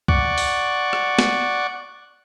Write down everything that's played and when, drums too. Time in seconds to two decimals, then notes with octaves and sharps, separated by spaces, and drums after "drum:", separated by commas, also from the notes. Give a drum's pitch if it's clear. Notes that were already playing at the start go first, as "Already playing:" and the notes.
0.08 D5 F#5 C#6, drum: kick C2
0.38 drum: open hi-hat
0.93 drum: rim click
1.19 drum: snare